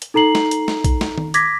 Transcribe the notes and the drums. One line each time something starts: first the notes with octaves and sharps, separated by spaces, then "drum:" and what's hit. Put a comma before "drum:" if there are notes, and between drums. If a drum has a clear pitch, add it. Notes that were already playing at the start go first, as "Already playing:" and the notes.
drum: hi-hat
D#4 A4 A#5 C7 F#7
drum: snare
drum: hi-hat
drum: snare
drum: kick A#1, hi-hat
drum: snare
drum: tom D#3
D6 G#6 A#6 B6, drum: hi-hat